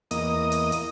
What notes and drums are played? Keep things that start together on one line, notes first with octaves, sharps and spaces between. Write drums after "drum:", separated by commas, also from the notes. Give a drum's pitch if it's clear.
E2 A#3 D#5 D#6, drum: hi-hat
drum: hi-hat
drum: hi-hat